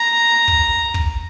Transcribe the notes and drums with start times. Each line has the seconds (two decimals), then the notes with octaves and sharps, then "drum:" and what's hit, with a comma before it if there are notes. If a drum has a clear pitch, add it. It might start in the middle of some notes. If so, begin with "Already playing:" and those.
Already playing: A#5
0.48 drum: kick
0.94 drum: kick